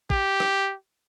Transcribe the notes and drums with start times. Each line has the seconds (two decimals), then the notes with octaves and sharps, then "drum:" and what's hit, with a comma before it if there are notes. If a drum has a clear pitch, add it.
0.10 G4, drum: kick
0.40 drum: rim click